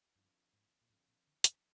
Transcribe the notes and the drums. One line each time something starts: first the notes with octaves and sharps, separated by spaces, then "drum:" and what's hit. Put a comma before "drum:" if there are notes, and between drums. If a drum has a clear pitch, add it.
G2 D3 F3 C4 F4
G#2
A#2
G#2 D3 F3 C4 F4
A#2
D3
F2, drum: hi-hat